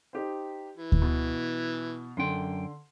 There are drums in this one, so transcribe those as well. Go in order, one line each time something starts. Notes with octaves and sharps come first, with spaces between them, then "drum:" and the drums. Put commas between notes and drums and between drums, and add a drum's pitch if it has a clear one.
D#4 G4 C5
E3
drum: kick D2
B2
F#2 D3 G5 C6